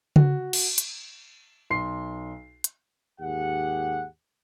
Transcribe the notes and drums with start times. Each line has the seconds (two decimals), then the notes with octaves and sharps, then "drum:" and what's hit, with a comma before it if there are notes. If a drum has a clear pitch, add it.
0.16 F#4, drum: tom C#3
0.53 drum: cymbal
0.78 drum: hi-hat
1.70 B1 C6 C7
2.64 drum: hi-hat
3.20 D#2 G#2 G4 G#4 F#5